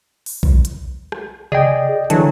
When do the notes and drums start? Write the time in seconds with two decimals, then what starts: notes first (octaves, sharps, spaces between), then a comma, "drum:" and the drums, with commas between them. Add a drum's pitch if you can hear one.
0.26 drum: open hi-hat
0.43 drum: kick B1
0.65 drum: hi-hat
1.12 drum: rim click
1.52 G#4 D5 D#5 G5, drum: tom C3
2.10 D3 E3 F#3 G#4 A5, drum: hi-hat